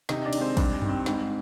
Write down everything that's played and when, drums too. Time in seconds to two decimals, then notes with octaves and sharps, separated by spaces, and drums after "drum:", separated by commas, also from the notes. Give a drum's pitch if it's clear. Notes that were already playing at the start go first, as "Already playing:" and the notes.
0.09 C3 D#4 D#5, drum: snare
0.25 D4 D5
0.33 D#3, drum: cymbal
0.38 G#3 C4 C5
0.57 G2 D4, drum: kick, cymbal
0.74 D4
0.82 D#3 G3, drum: tom F#2
0.89 C4
1.06 G#2, drum: snare